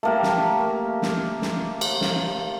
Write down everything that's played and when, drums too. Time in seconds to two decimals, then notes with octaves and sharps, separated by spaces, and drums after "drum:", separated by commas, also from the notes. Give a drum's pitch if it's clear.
0.03 A3 A#3 G4
0.23 drum: snare
1.02 drum: snare
1.42 drum: snare
1.81 drum: cymbal
2.01 drum: snare